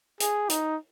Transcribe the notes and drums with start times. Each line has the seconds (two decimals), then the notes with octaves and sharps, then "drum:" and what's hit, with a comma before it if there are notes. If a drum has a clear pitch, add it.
0.20 G#4, drum: hi-hat
0.50 D#4, drum: hi-hat